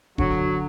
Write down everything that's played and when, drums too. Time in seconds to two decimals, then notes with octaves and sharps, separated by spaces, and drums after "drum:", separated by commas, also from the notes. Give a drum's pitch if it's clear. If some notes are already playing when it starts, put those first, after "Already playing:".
0.18 D3 F#3, drum: kick D#1